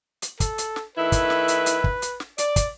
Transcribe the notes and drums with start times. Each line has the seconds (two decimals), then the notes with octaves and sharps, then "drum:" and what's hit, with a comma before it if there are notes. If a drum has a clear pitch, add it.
0.22 drum: hi-hat
0.40 A4, drum: kick, hi-hat
0.58 drum: hi-hat
0.76 drum: snare
0.98 D#3 A3 E4 B4
1.12 drum: kick, hi-hat
1.30 drum: snare
1.48 drum: hi-hat
1.66 drum: hi-hat
1.84 drum: kick
2.02 drum: hi-hat
2.20 drum: snare
2.38 D5, drum: hi-hat
2.56 drum: kick, hi-hat